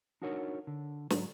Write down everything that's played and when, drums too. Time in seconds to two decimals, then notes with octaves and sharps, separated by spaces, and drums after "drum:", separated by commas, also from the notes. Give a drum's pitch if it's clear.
0.22 D4 D#4 F#4 A#4 C#5
0.67 D3
1.10 G#2 F#3, drum: snare